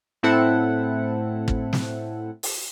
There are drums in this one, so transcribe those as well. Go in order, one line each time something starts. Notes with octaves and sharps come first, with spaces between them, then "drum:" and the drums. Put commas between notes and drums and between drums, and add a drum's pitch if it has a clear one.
A2 C4 E4 A4 F#5
drum: kick
drum: snare
drum: open hi-hat